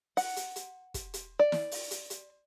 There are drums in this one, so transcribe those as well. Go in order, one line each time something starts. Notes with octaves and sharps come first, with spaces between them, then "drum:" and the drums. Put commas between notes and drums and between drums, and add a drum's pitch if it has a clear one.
F#5, drum: open hi-hat
drum: hi-hat
drum: hi-hat
drum: kick, hi-hat
drum: hi-hat
D5
drum: snare
drum: open hi-hat
drum: hi-hat
drum: hi-hat